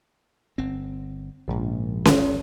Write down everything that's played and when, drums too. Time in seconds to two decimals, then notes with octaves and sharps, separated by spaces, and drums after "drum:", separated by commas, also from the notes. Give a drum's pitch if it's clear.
0.58 G1 C4
1.48 A#1 G#2 C#3 F3
2.05 G1 C#2, drum: snare C#4